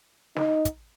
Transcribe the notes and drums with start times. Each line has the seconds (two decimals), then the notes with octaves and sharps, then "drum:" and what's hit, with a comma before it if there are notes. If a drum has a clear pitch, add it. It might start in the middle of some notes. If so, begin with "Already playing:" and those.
0.36 D#4, drum: snare
0.65 drum: kick, hi-hat